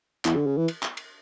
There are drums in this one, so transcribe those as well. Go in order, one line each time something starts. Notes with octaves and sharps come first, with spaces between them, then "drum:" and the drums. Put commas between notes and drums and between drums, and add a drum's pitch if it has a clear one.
E2, drum: clap
D3
C#3
E3
drum: cymbal
drum: clap
drum: cymbal